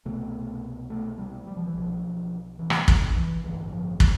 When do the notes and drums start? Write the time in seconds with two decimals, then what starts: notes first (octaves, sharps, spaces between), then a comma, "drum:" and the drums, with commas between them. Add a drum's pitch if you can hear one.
0.05 C2 B2 A3
0.90 A3
1.18 G3
1.47 G3
1.57 F3
1.66 E3
1.74 B1 B2 F3
2.59 E3
2.70 drum: rim click
2.88 D3, drum: kick
3.16 E3
3.44 A1 G2 D3 E3
3.72 F3
4.00 D3, drum: kick